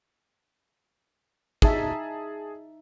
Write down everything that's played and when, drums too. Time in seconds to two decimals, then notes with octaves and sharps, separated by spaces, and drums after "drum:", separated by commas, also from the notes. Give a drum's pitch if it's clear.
1.62 D#4 G#4 E5 A5, drum: kick